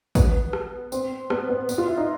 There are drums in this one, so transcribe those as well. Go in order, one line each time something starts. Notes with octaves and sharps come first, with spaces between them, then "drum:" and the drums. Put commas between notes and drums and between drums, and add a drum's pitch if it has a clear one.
B3, drum: kick, tambourine
drum: rim click
C4, drum: tambourine
B3, drum: rim click
B3
B3, drum: tambourine
F4
E4
D#4